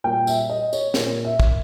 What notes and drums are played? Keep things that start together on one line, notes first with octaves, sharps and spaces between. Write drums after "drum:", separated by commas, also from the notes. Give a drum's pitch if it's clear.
A#2 G3 A#3 G5
E5, drum: tambourine
D#5
C#5, drum: tambourine
A#2 A#3, drum: snare
E5
drum: kick